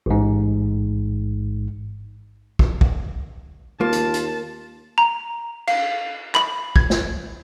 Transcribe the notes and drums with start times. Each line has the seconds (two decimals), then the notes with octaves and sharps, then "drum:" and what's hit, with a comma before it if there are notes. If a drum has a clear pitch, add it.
0.06 A1 G#2
2.59 drum: kick
2.81 drum: kick
3.81 D#2 A#3 F4 A5
3.93 drum: hi-hat
4.14 drum: hi-hat
4.98 A#5
5.68 F5, drum: cymbal
6.35 B5, drum: clap
6.76 G#6, drum: kick
6.90 drum: snare